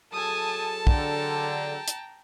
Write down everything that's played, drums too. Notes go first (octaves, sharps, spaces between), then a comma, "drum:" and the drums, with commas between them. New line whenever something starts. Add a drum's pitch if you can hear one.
F#3 G#4 A4 G#5 A5 D#6
D3 G5 A#5, drum: kick
drum: hi-hat